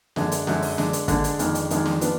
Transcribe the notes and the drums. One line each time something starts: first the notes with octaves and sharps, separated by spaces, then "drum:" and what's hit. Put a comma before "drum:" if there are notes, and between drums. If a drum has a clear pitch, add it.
F#2 D3 G#3 D4, drum: snare
drum: hi-hat
F#2 D3 G#3 D4, drum: snare
drum: open hi-hat
D3 G#3 D4, drum: snare
drum: hi-hat
D3 G#3 D4, drum: kick, hi-hat
drum: hi-hat
F2 D#3 G#3 D4, drum: hi-hat
drum: hi-hat
F2 D#3 G#3 D4, drum: hi-hat
drum: snare
F3 B3 D4, drum: hi-hat